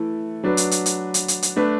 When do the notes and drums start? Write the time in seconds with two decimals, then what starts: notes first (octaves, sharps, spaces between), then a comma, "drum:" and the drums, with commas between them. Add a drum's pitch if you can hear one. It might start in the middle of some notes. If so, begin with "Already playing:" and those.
Already playing: E3 A3 E4 A4
0.44 F#3 D4 B4
0.57 drum: hi-hat
0.71 drum: hi-hat
0.86 drum: hi-hat
1.14 drum: hi-hat
1.28 drum: hi-hat
1.42 drum: hi-hat
1.56 A3 D4 B4